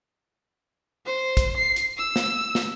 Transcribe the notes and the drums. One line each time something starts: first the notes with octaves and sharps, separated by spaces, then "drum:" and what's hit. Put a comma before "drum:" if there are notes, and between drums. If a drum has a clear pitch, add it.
C5
drum: kick, hi-hat
C7
drum: hi-hat
E6
drum: snare
drum: snare